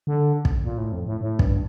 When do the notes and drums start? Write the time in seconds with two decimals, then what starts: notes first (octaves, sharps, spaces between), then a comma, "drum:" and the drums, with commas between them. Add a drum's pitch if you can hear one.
0.07 D3
0.45 drum: kick
0.64 A#2
0.78 A2
0.92 F2
1.06 A2
1.21 A2
1.39 G2, drum: kick